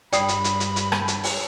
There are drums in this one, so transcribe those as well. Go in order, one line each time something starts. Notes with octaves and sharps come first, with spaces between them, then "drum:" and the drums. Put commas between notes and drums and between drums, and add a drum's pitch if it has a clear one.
G2 D5 G5 B5 D#6 C7, drum: hi-hat
drum: hi-hat
drum: hi-hat
drum: hi-hat
drum: hi-hat
drum: rim click
drum: hi-hat
drum: open hi-hat